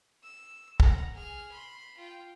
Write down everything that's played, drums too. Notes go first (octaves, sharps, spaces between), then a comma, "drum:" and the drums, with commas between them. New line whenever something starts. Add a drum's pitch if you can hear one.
E6
F#5 A#5, drum: kick
G#4 F6
B5 C6
F4 G5